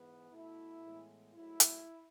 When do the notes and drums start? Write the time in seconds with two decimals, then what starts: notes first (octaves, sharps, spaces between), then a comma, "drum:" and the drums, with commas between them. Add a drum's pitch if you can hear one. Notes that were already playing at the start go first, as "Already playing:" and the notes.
Already playing: G#2 E3 B3
0.32 B2 A3 E4
0.82 A2 E3 G#3 B3
1.34 G#2 F#3 A3 E4
1.60 drum: hi-hat